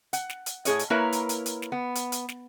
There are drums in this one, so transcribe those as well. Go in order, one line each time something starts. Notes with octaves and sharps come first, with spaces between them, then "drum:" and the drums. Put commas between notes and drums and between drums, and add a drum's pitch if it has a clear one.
F#5, drum: hi-hat
drum: snare
drum: hi-hat
A2 G#4 C#5 D#5, drum: hi-hat
drum: hi-hat
A#3 E4 A#4 B4 C#5
drum: hi-hat
drum: hi-hat
drum: hi-hat
drum: snare
B3
drum: hi-hat
drum: hi-hat
drum: snare